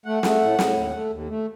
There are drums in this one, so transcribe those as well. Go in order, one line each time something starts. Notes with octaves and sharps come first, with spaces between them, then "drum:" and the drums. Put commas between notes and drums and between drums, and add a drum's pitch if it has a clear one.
A3 F#5
A3, drum: snare
A2
A2, drum: snare
D#2
A3
D#2
A3